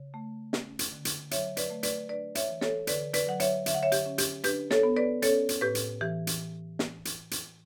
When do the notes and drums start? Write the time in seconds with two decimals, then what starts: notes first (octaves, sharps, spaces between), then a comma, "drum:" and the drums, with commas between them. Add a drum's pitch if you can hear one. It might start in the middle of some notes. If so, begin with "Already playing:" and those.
Already playing: C#3
0.14 A3
0.53 C#4, drum: snare
0.79 drum: hi-hat
0.92 D3
1.05 drum: hi-hat
1.31 F#3 C#5 E5, drum: hi-hat
1.57 B4 D5, drum: hi-hat
1.70 A3
1.83 B4 D5, drum: hi-hat
2.09 D4 B4 D5
2.35 C#5 E5, drum: hi-hat
2.48 E3
2.61 A4 C#5, drum: snare
2.87 D3 B4 D5, drum: hi-hat
3.14 B4 D5, drum: hi-hat
3.27 F#3 F#5
3.40 C#5 E5, drum: hi-hat
3.66 D3 E5, drum: hi-hat
3.74 F#5
3.83 C#5 E5
3.92 G4, drum: hi-hat
4.06 C#4
4.18 G4, drum: hi-hat
4.44 D4 G4 B4, drum: hi-hat
4.71 A4 C#5, drum: snare
4.83 B3
4.97 B4 D5
5.22 C#4 A4 C#5, drum: hi-hat
5.49 drum: hi-hat
5.61 A2 G4 B4
5.75 drum: hi-hat
6.01 E3 G4
6.27 drum: hi-hat
6.79 drum: snare
7.05 drum: hi-hat
7.31 drum: hi-hat